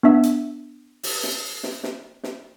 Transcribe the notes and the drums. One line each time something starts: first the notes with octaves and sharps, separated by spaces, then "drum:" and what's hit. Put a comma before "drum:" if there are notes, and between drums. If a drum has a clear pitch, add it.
B3 D4 E5 E6
drum: hi-hat
drum: open hi-hat
drum: snare
drum: snare
drum: snare
drum: snare